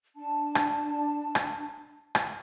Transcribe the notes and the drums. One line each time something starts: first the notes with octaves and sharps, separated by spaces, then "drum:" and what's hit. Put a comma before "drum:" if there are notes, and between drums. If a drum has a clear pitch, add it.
D4 A5
drum: rim click
drum: rim click
drum: rim click